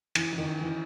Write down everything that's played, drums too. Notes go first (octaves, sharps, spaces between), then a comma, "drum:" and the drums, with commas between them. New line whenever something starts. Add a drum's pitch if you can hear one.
E3, drum: cymbal
E3
D#3
E3